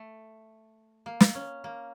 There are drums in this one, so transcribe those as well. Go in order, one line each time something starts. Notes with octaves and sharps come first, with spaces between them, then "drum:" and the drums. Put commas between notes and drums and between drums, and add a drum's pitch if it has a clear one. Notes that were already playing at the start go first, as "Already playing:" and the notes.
Already playing: A3
A#3
drum: snare
C#4
A#3